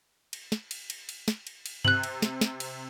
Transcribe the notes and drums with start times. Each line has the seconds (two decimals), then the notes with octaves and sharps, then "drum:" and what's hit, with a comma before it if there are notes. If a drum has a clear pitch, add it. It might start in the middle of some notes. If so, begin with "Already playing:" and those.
0.33 drum: cymbal
0.52 drum: snare
0.71 drum: cymbal
0.90 drum: cymbal
1.09 drum: cymbal
1.28 drum: snare
1.47 drum: cymbal
1.66 drum: cymbal
1.85 C3 F#6 F#7, drum: tom G2
2.03 drum: cymbal
2.22 drum: snare
2.41 drum: snare
2.60 drum: cymbal